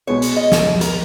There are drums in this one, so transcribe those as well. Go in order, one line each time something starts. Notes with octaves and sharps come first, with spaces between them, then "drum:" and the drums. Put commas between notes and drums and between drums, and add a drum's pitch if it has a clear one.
B2 G#3 B3 C#5
drum: hi-hat
D#5
drum: snare
A#4, drum: hi-hat